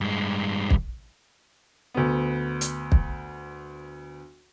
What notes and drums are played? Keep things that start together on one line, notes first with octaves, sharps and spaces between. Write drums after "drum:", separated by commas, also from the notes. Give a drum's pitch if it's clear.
G2 G#3
drum: kick
D2 B3
drum: hi-hat
drum: kick